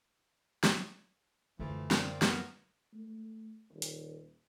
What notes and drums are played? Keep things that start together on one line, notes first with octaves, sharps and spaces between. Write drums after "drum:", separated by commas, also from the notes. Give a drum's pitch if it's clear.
drum: snare
F#2 D3 E3 F3 A3
A#3 C4 D5, drum: snare
B3 A#4, drum: snare
A3
D#1
drum: hi-hat